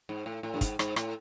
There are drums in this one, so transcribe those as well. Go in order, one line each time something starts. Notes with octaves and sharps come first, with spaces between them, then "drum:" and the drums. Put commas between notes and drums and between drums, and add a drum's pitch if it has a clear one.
G#2
A2
A2
G2
G#2, drum: kick, hi-hat
G#2, drum: rim click
A2, drum: rim click